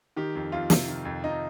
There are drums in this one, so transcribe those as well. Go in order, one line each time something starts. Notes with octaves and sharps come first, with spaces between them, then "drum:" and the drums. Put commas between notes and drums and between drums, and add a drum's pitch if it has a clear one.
D#3 G4
F2
F2 F4
C3, drum: snare
D#3
F2
F2 D#4